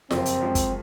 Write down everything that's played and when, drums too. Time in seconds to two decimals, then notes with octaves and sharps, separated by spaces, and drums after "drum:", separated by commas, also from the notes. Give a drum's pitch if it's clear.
0.11 F#1 F2 C3 C4, drum: snare F4
0.26 drum: hi-hat
0.40 F#2 F3 G#3 C#4
0.55 drum: kick, hi-hat